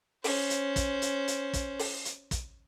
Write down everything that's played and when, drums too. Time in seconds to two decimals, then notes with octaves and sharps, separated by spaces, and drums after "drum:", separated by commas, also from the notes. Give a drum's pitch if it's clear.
0.24 C#4 C5, drum: open hi-hat
0.50 drum: hi-hat
0.76 drum: kick, hi-hat
1.02 drum: hi-hat
1.28 drum: hi-hat
1.53 drum: kick, hi-hat
1.79 drum: open hi-hat
2.05 drum: hi-hat
2.31 drum: kick, hi-hat